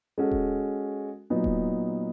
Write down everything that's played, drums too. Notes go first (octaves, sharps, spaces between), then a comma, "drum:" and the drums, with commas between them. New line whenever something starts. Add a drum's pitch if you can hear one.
G#3 C#4 F#4 A4
drum: kick D#1
A#2 F#3 B3 D#4
drum: kick D#1